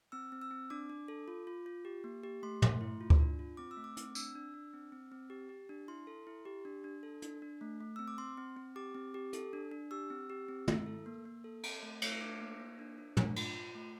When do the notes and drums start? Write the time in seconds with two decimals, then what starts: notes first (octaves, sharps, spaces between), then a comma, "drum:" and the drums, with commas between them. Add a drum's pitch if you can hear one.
0.12 C4 E6
0.32 C4
0.41 E6
0.51 C4
0.70 D4 D6
0.90 D4
1.08 A4
1.28 F4
1.47 F4
1.66 F4
1.85 G4
2.04 A#3
2.24 G4
2.43 A3 C6
2.62 A3, drum: tom
2.81 E4
3.01 F4
3.10 drum: kick D2
3.20 D4
3.39 F4
3.57 C4 D6
3.71 E6
3.77 A3
3.84 D6
3.97 C4, drum: hi-hat
4.15 D4 E6, drum: tambourine
4.35 D4
4.54 D4
4.73 C4
4.92 C4
5.12 C4
5.30 G4
5.49 G4
5.69 D4
5.88 E4 C6
6.07 A4
6.27 E4
6.45 G4
6.65 D4
6.84 D4
7.03 A4
7.22 D4, drum: hi-hat
7.42 D4
7.61 A3
7.81 A3
7.96 C4 E6
8.08 D6
8.18 C4 C6
8.37 C4
8.57 C4
8.76 G4 D6
8.94 C4
9.14 G4
9.33 A4, drum: hi-hat
9.53 D4
9.71 D4
9.91 G4 E6
10.10 C4
10.30 G4
10.48 C4
10.68 E4, drum: tom
10.86 A4
11.06 A#3
11.25 A#3
11.44 A4
11.63 C4, drum: cymbal
11.83 A3
12.02 A3, drum: cymbal
12.21 D4 D6
12.41 A#3
12.60 A#3
12.79 D4
12.98 D4
13.17 D4, drum: tom
13.36 F4, drum: cymbal
13.56 F4
13.75 A3